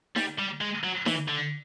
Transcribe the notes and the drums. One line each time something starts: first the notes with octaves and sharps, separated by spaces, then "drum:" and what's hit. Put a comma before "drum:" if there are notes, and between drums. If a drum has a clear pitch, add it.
G3, drum: snare D#4
G3
G#3
F#3
E3, drum: snare D#4
D3